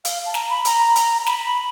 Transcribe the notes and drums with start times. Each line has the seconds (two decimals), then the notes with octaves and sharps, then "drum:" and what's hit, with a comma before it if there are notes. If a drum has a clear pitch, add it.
0.05 F5, drum: hi-hat
0.26 A5
0.34 A#5, drum: snare
0.50 B5
0.65 A#5, drum: hi-hat
0.96 drum: hi-hat
1.17 A#5
1.26 B5, drum: snare